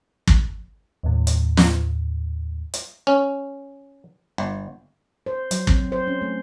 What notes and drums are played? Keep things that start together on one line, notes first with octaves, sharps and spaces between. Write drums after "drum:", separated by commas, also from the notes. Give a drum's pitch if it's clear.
drum: kick
D#2 A2
drum: hi-hat
drum: snare
drum: hi-hat
C#4
G1
C5
F#3, drum: hi-hat
C4, drum: kick
C5
C#4
A3